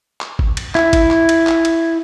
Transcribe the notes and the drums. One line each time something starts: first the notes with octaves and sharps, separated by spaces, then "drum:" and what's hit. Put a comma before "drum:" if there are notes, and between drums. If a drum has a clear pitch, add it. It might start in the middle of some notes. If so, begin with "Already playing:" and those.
drum: clap
drum: kick G#1
drum: cymbal
E4, drum: clap
drum: kick G#1, cymbal
drum: clap
drum: cymbal
drum: clap
drum: cymbal